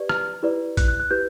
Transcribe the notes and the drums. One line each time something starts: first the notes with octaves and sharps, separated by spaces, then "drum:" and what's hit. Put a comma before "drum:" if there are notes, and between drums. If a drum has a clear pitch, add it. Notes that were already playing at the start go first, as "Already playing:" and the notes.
Already playing: G4 B4 D5
F6, drum: rim click
E4 G4 B4 D5
F#6, drum: kick, hi-hat
F#6
F#6
E4 G4 B4 G6